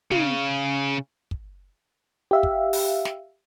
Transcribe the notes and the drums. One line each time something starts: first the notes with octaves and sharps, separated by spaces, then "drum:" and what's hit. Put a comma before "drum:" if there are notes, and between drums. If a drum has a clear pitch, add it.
C#3, drum: tom
drum: kick
G4 E5 F5
drum: kick
drum: open hi-hat
drum: snare